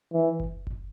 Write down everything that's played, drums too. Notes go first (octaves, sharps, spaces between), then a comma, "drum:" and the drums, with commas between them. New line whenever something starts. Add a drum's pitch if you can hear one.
E3
drum: kick F#1
drum: kick F#1